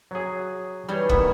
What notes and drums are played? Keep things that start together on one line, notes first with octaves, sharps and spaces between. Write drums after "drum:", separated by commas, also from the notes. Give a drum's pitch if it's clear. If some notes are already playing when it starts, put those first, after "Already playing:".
F#3 G#4
E3 G3 D#4 G#4 C#5
D#3 B3 E4, drum: kick